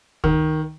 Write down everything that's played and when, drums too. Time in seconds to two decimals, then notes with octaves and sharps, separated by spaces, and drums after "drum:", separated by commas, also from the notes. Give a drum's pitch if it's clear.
0.24 D#3, drum: kick